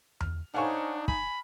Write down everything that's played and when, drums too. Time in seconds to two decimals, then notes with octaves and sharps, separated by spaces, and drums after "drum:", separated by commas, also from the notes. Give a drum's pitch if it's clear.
0.21 F6, drum: tom E2
0.54 D4 D#4 C5 C#5 F5 F#5 G#5 C#6
1.08 G#5 B5, drum: kick